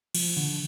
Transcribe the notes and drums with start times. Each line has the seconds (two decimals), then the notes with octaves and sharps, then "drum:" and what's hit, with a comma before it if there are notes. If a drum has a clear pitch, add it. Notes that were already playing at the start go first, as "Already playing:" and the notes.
0.15 F3, drum: cymbal
0.37 D3